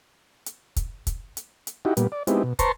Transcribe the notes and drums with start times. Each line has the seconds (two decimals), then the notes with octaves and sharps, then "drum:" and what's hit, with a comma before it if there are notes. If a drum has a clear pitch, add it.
0.46 drum: hi-hat
0.76 drum: kick, hi-hat
1.07 drum: kick, hi-hat
1.37 drum: hi-hat
1.67 drum: hi-hat
1.85 D#4 E4 F#4 G4
1.97 A#2 G3 B3, drum: hi-hat
2.12 D5
2.27 G#3 B3 C4 D#4 E4 G4, drum: hi-hat
2.43 B2
2.59 B4 C5 A5 A#5 C6 C#6, drum: kick, hi-hat